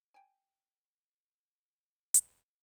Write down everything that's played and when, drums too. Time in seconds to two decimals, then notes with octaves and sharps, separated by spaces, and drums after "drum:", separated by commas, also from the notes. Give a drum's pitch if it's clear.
0.14 G5 G#5
2.14 drum: hi-hat